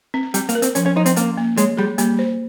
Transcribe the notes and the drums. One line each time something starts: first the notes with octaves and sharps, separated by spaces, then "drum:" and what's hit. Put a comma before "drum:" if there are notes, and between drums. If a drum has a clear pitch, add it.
C4
G3 C4, drum: hi-hat
A#3, drum: hi-hat
A#4
C4, drum: hi-hat
F3 C#4, drum: hi-hat
C#4
F3 D#4
C4, drum: hi-hat
A#3 C#4, drum: hi-hat
A#3
G#3 C#5, drum: hi-hat
G3 G#4
G3 A#3, drum: hi-hat
C5